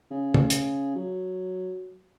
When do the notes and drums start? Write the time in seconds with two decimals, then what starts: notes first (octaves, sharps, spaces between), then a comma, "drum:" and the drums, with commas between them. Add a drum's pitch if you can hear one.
0.11 C#3
0.34 drum: tom C#3
0.50 drum: hi-hat
0.95 F#3